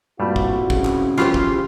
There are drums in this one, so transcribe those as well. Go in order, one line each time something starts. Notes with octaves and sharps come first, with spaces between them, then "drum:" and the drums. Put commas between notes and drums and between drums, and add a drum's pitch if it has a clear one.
G2 A#2 G3 A3 C4 E4 F#4
drum: kick
C#3, drum: kick
drum: clap
E3 F#3 F4 G4 C5
drum: kick